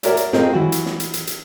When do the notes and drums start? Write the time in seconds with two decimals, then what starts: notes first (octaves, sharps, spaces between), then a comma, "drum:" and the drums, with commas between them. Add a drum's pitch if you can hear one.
0.03 F#4 A#4 C#5 D5 E5, drum: hi-hat
0.17 drum: hi-hat
0.33 A3 C4 F4 G#4 A#4 D#5, drum: snare
0.53 E3 F#3 F#4
0.72 drum: hi-hat
0.86 drum: snare
1.00 drum: hi-hat
1.14 drum: hi-hat
1.27 drum: hi-hat